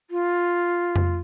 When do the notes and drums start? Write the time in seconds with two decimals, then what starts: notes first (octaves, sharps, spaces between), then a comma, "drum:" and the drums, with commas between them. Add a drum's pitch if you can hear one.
0.11 F4
0.96 drum: tom F2